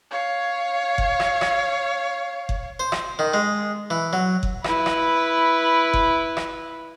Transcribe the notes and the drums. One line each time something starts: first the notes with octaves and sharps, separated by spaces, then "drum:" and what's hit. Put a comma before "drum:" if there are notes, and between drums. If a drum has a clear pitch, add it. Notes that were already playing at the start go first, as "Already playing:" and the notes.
C#5 F5
drum: kick F#1
drum: rim click
drum: rim click
drum: kick F#1
C5
drum: rim click
D#3
G#3
E3
F#3
drum: kick F#1
E4 B4, drum: rim click
drum: rim click
drum: kick F#1
drum: rim click